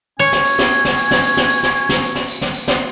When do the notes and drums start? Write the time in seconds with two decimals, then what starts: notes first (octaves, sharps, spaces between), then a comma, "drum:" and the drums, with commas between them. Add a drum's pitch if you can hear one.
0.19 C#4 C#5 G#5, drum: tambourine
0.33 drum: snare
0.46 drum: tambourine
0.59 drum: snare
0.72 drum: tambourine
0.85 drum: snare
0.98 drum: tambourine
1.11 drum: snare
1.24 drum: tambourine
1.37 drum: snare
1.50 drum: tambourine
1.63 drum: snare
1.76 drum: tambourine
1.89 drum: snare
2.02 drum: tambourine
2.15 drum: snare
2.28 drum: tambourine
2.42 drum: snare
2.55 drum: tambourine
2.68 drum: snare